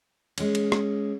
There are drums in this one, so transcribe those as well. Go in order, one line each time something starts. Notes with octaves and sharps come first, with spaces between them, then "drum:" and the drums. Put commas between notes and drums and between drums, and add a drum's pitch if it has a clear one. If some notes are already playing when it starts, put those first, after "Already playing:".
G#3 C#4, drum: cymbal
drum: cymbal
drum: rim click